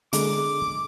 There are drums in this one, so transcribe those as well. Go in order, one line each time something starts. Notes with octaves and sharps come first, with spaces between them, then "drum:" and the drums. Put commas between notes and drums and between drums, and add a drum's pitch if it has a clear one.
D3 G#3 D6, drum: hi-hat